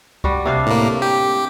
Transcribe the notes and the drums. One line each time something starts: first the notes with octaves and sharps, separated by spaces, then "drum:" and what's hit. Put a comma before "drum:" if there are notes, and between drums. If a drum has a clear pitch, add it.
G3 F#4, drum: kick C#2
C3 D4 F5
A2 A#3
G4